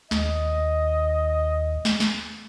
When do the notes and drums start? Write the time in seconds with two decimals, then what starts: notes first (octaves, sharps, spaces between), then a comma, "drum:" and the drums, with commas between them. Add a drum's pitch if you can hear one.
0.11 D#2 D#5, drum: snare
1.85 drum: snare
2.00 drum: snare